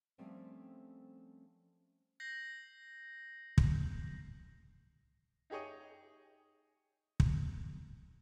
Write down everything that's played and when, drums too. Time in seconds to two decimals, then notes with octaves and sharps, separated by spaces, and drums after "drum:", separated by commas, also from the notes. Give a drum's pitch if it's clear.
0.18 F3 G3 A3 A#3 C4 C#4
2.20 G6 A#6 C7 F#7
3.58 drum: kick
5.50 D#4 G4 G#4 C#5 D#5
7.20 drum: kick